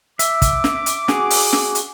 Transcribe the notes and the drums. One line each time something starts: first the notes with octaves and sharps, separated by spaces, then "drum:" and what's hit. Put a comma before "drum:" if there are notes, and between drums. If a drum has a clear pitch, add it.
E5 D6, drum: hi-hat
drum: kick, hi-hat
drum: snare
drum: hi-hat
F#4 G#4, drum: snare
drum: open hi-hat
drum: snare
drum: hi-hat